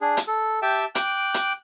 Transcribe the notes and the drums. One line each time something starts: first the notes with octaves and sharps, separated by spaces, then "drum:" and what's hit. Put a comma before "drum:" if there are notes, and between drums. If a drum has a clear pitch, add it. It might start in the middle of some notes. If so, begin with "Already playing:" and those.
D4 G#4
drum: hi-hat
A4
G4 E5 G5 A5
G5 D6 F#6, drum: hi-hat
drum: hi-hat